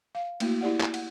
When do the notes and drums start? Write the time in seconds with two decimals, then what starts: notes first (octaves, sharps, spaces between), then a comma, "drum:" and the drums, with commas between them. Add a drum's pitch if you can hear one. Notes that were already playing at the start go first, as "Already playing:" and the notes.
0.15 F5
0.40 A3 A#3 E4 F#4, drum: cymbal
0.61 E4 G4 D5 F#5
0.81 drum: clap
0.94 F#5, drum: cymbal